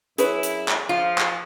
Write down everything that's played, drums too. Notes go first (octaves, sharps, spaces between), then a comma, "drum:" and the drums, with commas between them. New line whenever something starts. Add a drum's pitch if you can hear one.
F#2 E4 G#4 B4 C#5, drum: hi-hat
drum: hi-hat
drum: clap
F3 F4
drum: clap